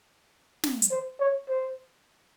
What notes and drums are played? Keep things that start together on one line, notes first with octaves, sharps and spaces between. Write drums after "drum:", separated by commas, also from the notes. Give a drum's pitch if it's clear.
drum: snare
drum: hi-hat
C5
C#5
C5